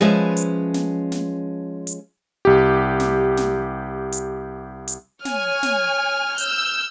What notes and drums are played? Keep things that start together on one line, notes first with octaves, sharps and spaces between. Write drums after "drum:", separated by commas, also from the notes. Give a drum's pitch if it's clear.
F3 G#3 C#4 B4 E5 G#5
drum: hi-hat
drum: snare
drum: snare
drum: hi-hat
C2 G4
drum: snare
drum: snare
drum: hi-hat
drum: hi-hat
C#5 G#5 F6, drum: snare
drum: snare
E6 G6, drum: hi-hat